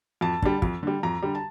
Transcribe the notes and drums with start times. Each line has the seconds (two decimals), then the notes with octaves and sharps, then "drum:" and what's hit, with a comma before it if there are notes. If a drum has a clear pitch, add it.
0.21 F2 A5
0.42 D3 G3, drum: kick
0.62 F2, drum: kick
0.83 D3 G3
1.03 F2 A#5
1.22 D3 G3
1.35 A5